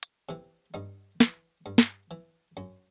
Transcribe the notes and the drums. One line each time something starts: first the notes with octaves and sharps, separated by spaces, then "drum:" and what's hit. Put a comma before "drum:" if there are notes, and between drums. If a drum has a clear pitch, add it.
drum: hi-hat
C3 E3
G2 D#4
E3, drum: snare
G2
drum: snare
E3
F#2